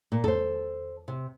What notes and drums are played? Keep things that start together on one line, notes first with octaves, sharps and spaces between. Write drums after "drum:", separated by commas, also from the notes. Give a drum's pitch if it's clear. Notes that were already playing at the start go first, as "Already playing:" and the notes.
A#2
A4 C5, drum: tom E2
C3